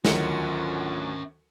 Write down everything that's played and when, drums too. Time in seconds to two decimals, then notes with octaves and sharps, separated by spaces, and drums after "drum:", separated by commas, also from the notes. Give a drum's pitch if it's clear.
0.05 D2 D#3 F#3 C#4 F4 F#4 E5 C#7, drum: snare